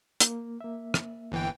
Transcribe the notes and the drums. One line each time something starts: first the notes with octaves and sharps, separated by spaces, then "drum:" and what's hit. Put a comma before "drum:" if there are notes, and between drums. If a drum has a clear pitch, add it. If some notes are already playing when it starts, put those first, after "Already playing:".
A#3, drum: hi-hat
A#3 E5
drum: rim click
G1 E3 G5